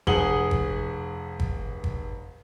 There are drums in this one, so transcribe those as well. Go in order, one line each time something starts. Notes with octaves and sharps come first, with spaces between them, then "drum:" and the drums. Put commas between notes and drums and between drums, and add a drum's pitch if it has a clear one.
F1 G#4 F#5 D#6 F#7 G7, drum: kick
drum: kick
drum: kick
drum: kick